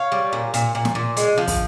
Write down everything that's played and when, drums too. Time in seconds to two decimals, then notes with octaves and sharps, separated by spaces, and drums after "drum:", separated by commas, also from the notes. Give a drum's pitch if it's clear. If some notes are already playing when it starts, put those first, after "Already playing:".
Already playing: C#5 F5
0.12 G3
0.33 A#2
0.54 A#2, drum: hi-hat
0.75 A#2
0.85 drum: snare
0.95 A#2
1.17 G#3, drum: hi-hat
1.38 F3
1.48 drum: kick, open hi-hat